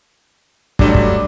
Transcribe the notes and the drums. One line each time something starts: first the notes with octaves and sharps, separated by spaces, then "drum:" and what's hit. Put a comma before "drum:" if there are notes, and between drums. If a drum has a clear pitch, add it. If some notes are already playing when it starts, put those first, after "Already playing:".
F#3 G3 A3 D4 D#5 C6, drum: kick
drum: kick